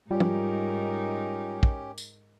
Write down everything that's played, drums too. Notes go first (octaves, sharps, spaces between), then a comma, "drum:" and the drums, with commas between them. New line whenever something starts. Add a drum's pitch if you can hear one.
G#2 G3 C#4 D#4 F4 G4 A#4
drum: tom
drum: kick
drum: tambourine